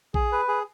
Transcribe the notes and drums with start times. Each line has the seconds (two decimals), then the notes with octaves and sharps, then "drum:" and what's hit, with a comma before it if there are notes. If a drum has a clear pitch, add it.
0.14 G#4, drum: kick A#1
0.32 B4
0.48 G#4